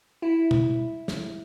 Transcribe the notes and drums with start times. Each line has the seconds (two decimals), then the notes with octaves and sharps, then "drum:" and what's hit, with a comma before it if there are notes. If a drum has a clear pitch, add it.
0.22 E4
0.51 drum: tom B2
1.08 drum: snare